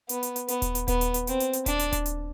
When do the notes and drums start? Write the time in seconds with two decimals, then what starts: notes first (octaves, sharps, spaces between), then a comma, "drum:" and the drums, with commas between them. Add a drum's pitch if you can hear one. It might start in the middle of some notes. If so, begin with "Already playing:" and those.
0.09 B3, drum: hi-hat
0.23 drum: hi-hat
0.36 drum: hi-hat
0.48 B3, drum: hi-hat
0.62 drum: kick D#1, hi-hat
0.75 drum: hi-hat
0.88 B3, drum: kick D#1, hi-hat
1.01 drum: hi-hat
1.14 drum: hi-hat
1.27 C4, drum: hi-hat
1.40 drum: hi-hat
1.53 drum: hi-hat
1.66 D4, drum: kick D#1, hi-hat
1.79 drum: hi-hat
1.92 drum: kick D#1, hi-hat
2.06 drum: hi-hat